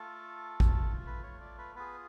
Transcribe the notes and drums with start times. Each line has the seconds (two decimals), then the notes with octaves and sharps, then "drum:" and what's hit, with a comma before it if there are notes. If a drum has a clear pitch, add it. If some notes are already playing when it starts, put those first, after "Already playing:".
Already playing: A3 F4 A4
0.60 drum: kick
1.07 B4
1.23 C#5
1.41 D5
1.58 B4
1.75 B3 F4 G#4 B4